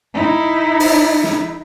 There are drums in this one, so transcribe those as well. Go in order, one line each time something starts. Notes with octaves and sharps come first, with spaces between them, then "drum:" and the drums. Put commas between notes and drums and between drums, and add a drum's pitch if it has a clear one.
D#4 E4
drum: open hi-hat
drum: snare